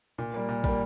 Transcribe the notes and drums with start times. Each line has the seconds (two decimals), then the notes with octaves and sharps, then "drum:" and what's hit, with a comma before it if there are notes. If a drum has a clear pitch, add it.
0.18 A#2
0.34 G3 A#3
0.48 A#2
0.64 G3 A#3, drum: kick